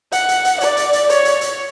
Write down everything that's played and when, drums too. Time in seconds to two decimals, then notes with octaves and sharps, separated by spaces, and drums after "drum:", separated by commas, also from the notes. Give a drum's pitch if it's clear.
0.12 F#5, drum: hi-hat
0.29 drum: hi-hat
0.45 drum: hi-hat
0.61 D5, drum: hi-hat
0.77 drum: hi-hat
0.93 drum: hi-hat
1.10 C#5, drum: hi-hat
1.25 drum: hi-hat
1.41 drum: hi-hat